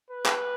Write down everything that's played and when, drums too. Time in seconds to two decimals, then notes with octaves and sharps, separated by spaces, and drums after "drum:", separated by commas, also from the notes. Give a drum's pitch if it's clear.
0.10 B4
0.26 drum: clap